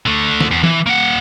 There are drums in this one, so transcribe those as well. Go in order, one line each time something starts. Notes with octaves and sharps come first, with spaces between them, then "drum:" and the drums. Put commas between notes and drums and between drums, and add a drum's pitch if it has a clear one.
D3 A3
drum: snare
E2
E3, drum: tom E3
A#3 F#5